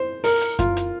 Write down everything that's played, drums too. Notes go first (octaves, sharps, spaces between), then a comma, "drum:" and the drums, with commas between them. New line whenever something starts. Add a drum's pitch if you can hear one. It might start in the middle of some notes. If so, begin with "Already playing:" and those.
Already playing: C5
A#4, drum: open hi-hat
drum: hi-hat
F4, drum: kick F#2, hi-hat
drum: hi-hat